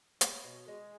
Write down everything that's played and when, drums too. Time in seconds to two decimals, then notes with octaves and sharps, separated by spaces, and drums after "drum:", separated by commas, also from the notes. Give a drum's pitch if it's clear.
0.21 B3 C#5, drum: hi-hat
0.44 B2
0.67 G#3 G#4